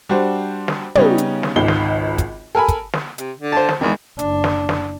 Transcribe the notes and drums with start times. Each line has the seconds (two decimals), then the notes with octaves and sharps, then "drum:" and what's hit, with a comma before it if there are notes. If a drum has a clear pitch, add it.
0.09 G3 D4 F#4 C5
0.68 drum: snare
0.95 C#3 G3 B3 C#4 D#4, drum: tom
1.18 drum: hi-hat
1.43 drum: snare
1.56 G#1 C#2 D#3 G7
1.68 drum: snare
2.18 drum: kick, hi-hat
2.55 A4 A#4 G#5 B5
2.68 drum: kick, hi-hat
2.93 drum: snare
3.18 C3, drum: hi-hat
3.37 D3
3.52 C5 A5
3.69 drum: snare
3.81 E2 D#3 G#3
4.19 F#1 D4, drum: hi-hat
4.44 drum: snare
4.69 drum: snare